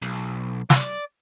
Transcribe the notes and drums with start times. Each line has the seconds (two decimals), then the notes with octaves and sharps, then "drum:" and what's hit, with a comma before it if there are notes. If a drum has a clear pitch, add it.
0.02 B1
0.70 D5, drum: snare